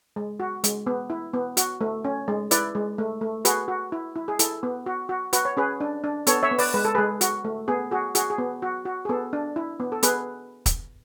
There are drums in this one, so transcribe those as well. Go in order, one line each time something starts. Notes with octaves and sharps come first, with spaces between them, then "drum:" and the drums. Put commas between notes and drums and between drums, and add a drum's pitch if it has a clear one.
G#3
F#4
G#3, drum: hi-hat
B3
E4
B3
F#4, drum: hi-hat
A3
C#4
G#3
E4 B4 D5, drum: hi-hat
G#3
A3
A3
F#4 G#4 B4, drum: hi-hat
F#4
E4
E4
G#4
E4 A4, drum: hi-hat
B3
F#4
F#4
F#4 B4, drum: hi-hat
C#5
C#4 G#4 B4
D4
D4
B3 A4 C#5, drum: hi-hat
C#5 E5
B3
B4 D5, drum: open hi-hat
G#3 B4
A4
G#3 G#4 B4
F#4, drum: hi-hat
A3
B3 G#4
F#4 G#4
F#4 G#4, drum: hi-hat
G#4
B3
F#4
F#4
G#4
B3 A4
D4
E4
B3
A4
B3 G#4 B4, drum: hi-hat
drum: kick, hi-hat